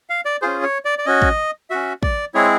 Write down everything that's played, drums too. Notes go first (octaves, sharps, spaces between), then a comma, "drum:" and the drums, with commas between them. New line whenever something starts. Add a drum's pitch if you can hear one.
F5
D5
C#4 F4 G#4 C5
C#5
D5
D5
C#4 F#4 D#5
drum: kick
C#4 F#4 E5
D5, drum: kick
G#3 C4 E4 G#4 C#5